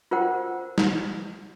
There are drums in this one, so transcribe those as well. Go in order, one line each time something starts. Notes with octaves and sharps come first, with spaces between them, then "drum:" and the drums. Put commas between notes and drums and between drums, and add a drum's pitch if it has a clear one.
F4 A#4 C5 F#5 G5
drum: snare